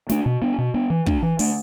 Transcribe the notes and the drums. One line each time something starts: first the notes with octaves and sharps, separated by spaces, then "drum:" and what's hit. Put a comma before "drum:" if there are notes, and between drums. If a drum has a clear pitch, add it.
A3 D4, drum: snare
B2
B3 D4
B2
B3 D4
E3
A3 D4, drum: kick
E3
A3 D4, drum: open hi-hat